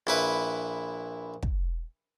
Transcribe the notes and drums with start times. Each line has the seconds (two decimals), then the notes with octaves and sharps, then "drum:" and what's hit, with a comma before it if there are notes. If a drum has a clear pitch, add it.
0.07 A#1 E4 B4
1.43 drum: kick